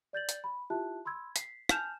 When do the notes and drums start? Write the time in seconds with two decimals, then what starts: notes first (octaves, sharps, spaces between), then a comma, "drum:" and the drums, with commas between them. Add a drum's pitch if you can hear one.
0.13 D5 G6 A6 F#7
0.29 drum: hi-hat
0.44 B5
0.70 E4 F4 G4 E5 A5 F#6
1.05 B5 C6 E6 G#6
1.36 B6 C7, drum: hi-hat
1.69 G#5 A5 F6 G6 E7 F7, drum: rim click